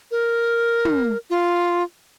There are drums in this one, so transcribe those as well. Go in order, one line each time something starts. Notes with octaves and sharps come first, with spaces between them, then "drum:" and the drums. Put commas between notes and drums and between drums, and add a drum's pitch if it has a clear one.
A#4
drum: tom
F4